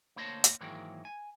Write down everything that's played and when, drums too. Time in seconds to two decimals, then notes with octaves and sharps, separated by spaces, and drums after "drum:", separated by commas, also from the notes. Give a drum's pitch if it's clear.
0.16 D2 A#3 C5 C#5 D#5 A5
0.44 drum: hi-hat
0.61 G#2 D#3 E3 F#3 G#3 A#3
1.05 G#5